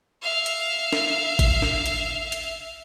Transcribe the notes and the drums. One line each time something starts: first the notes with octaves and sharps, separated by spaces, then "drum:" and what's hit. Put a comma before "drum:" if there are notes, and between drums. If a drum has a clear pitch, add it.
E5 F5
drum: hi-hat
drum: snare
drum: kick G#1, hi-hat
drum: snare
drum: hi-hat
drum: hi-hat